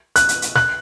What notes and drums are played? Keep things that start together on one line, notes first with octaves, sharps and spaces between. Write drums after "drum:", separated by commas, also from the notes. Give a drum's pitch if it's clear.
F#6, drum: hi-hat
drum: hi-hat
drum: hi-hat
F#6, drum: snare